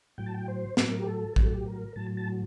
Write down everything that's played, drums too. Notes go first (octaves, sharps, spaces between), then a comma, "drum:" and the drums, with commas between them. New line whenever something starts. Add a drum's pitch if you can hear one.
A2 F#3 G5
A5
G5
C5
A2 F#3 A#4, drum: snare
G4
A4
A2 F#3 G4, drum: kick A#1
A4
G4
A#4
A2 F#3 A5
A5